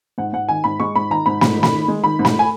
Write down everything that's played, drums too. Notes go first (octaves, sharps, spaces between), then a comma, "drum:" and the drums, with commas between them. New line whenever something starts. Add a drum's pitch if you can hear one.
G#2 F#5
G#2 F#5
D#3 G#5
G#2 B5
G#3 C#6
G#2 B5
D#3 A#5
G#2 B5
G#2 B5, drum: snare
D#3
B5, drum: snare
D#3
G#3
D#3 B5
G#2
B5, drum: snare
G#5